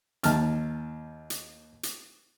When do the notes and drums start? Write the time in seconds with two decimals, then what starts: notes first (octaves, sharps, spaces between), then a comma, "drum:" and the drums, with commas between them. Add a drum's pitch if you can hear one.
0.23 D#2 A5 F6, drum: hi-hat
1.30 drum: hi-hat
1.83 drum: hi-hat